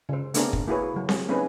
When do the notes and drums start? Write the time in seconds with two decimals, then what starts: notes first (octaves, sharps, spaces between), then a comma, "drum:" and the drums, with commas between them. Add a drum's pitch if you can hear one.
0.09 C#3 C5
0.34 A3 B3 C4 D4 G#4 A#4, drum: hi-hat
0.53 drum: kick
0.68 A#3 E4 F#4 G#4 B4 C#5
0.94 C#3 F#3
1.09 G#4, drum: snare C4
1.28 A#3 C4 C#4 D#4 G#4 B4